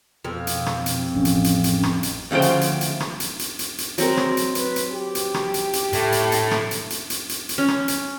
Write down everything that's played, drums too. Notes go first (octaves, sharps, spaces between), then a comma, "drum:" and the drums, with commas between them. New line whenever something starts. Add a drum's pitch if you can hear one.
F2 B2
drum: hi-hat
drum: rim click
drum: hi-hat
A1 F3 C#4
drum: hi-hat
drum: hi-hat
drum: hi-hat
drum: rim click
drum: hi-hat
D2 C#3 F3 C5 G5
drum: hi-hat
drum: hi-hat
drum: hi-hat
drum: rim click
drum: hi-hat
drum: hi-hat
drum: hi-hat
drum: hi-hat
F#3 G#3 C4 A#4, drum: hi-hat
drum: rim click
drum: hi-hat
B4, drum: hi-hat
drum: hi-hat
G4
drum: hi-hat
drum: rim click
drum: hi-hat
drum: hi-hat
A2 A3, drum: hi-hat
drum: hi-hat
drum: hi-hat
drum: rim click
drum: hi-hat
drum: hi-hat
drum: hi-hat
drum: hi-hat
drum: hi-hat
C#4
drum: rim click
drum: hi-hat